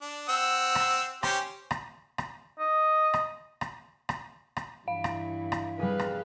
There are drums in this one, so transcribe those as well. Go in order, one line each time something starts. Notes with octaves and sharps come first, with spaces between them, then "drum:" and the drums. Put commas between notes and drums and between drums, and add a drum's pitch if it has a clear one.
D4
C4 F#5 E6
drum: rim click
C#4 G4 C5, drum: rim click
drum: rim click
drum: rim click
D#5
drum: rim click
drum: rim click
drum: rim click
drum: rim click
G2 E3 E4 F5
drum: rim click
drum: rim click
G3 G#4 B4 F5
drum: rim click